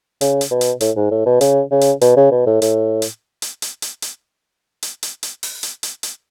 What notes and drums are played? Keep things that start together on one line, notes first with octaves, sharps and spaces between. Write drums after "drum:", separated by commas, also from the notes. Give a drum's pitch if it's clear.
C#3, drum: hi-hat
drum: hi-hat
B2
drum: hi-hat
A2, drum: hi-hat
G#2
A2
B2
C#3, drum: hi-hat
C#3
drum: hi-hat
B2, drum: hi-hat
C#3
B2
A2
A2, drum: hi-hat
drum: hi-hat
drum: hi-hat
drum: hi-hat
drum: hi-hat
drum: hi-hat
drum: hi-hat
drum: hi-hat
drum: hi-hat
drum: open hi-hat
drum: hi-hat
drum: hi-hat
drum: hi-hat